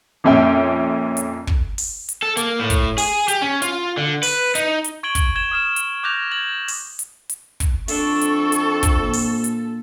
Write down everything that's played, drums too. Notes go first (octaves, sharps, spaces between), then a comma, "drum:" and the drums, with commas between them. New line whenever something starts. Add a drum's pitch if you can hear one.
F2 A#2 C#4 E5 G5
drum: hi-hat
drum: kick
drum: open hi-hat
drum: hi-hat
A4
A#3, drum: hi-hat
A2
drum: kick, hi-hat
G#4, drum: open hi-hat
G4, drum: hi-hat
C#4
F4, drum: hi-hat
D3
B4, drum: open hi-hat
D#4, drum: hi-hat
drum: hi-hat
C#6 G#6 D7 F#7 G7
drum: kick, hi-hat
G#6 E7 G7
D#6 F6 E7
drum: hi-hat
D6 F#6 G6 A#6 F7
G#6 F#7
drum: open hi-hat
drum: hi-hat
drum: hi-hat
drum: kick, hi-hat
F2 D4 A4 C#6, drum: open hi-hat
drum: hi-hat
drum: hi-hat
drum: kick, hi-hat
A#2
drum: open hi-hat
drum: hi-hat